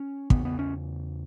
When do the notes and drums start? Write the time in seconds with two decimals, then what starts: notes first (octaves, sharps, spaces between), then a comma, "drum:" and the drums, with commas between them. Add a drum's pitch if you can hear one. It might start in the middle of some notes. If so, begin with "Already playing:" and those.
Already playing: C#4
0.30 E2 C#3 B3, drum: kick
0.45 B3
0.59 C#4